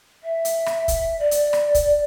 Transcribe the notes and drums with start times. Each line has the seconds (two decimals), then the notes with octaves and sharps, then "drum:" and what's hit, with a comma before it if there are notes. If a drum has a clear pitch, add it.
0.23 E5
0.45 drum: hi-hat
0.66 drum: rim click
0.88 drum: kick, hi-hat
1.19 D5
1.31 drum: hi-hat
1.53 drum: rim click
1.75 drum: kick, hi-hat